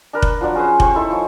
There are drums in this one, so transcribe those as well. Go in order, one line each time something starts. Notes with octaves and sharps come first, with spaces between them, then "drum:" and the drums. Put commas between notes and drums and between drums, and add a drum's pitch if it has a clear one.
D4 A#4 B4
drum: kick F1
F3 F#3 D4 A#5
C#4 G#4 B4 C5
G4 C5 C#6, drum: kick F1
D#4 E4 A4 G#5
F3 C#5